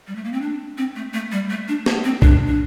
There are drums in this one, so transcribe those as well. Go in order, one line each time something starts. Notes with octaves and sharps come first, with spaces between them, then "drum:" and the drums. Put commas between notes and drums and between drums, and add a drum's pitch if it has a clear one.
G3
A3
A#3
C4
D4
C4
A3
A3
G3
A3
D4
A#3, drum: snare
C4
D4, drum: kick
D4